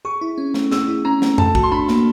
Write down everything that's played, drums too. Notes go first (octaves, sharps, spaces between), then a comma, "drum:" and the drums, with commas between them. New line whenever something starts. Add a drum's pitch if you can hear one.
G#4 C#6
E4
C#4
A3, drum: snare
G#4 E6, drum: snare
E4
C#4 A#5
A3, drum: snare
A4 A5, drum: tom F2
F#4, drum: kick
C6
D4 B5
A#3, drum: snare